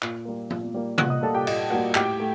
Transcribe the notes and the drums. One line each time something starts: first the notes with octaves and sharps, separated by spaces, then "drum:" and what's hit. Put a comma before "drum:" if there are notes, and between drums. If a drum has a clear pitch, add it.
A#2, drum: clap
G3 A#3
A#2, drum: tom F3
G3 A#3
A#2 F#5 F#6, drum: tom C3
D#5 D#6
G3 A#3 A4 A5
G4 G5
A#2 D#5, drum: cymbal
G3 A#3 F#4 F#5
A2 G4 G5, drum: clap
A3